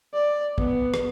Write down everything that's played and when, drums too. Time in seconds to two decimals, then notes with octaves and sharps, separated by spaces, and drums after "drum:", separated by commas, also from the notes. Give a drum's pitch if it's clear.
0.14 D5
0.58 B3, drum: kick
0.94 drum: rim click